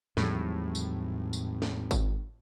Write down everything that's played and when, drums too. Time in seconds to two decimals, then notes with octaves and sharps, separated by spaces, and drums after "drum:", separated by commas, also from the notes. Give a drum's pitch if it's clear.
0.17 G#1 E2 A2 F3 G3, drum: snare
0.75 drum: tambourine
1.33 drum: tambourine
1.62 drum: snare
1.91 drum: kick G#1, tambourine